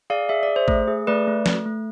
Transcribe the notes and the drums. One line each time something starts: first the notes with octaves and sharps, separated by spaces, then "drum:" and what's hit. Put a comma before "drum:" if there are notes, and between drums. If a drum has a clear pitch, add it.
G#4 D5 F5
G#4 E5
D5
G#4
C5 E5
A3, drum: kick
G#4
A3 B4 D5
A3
A3, drum: snare
A3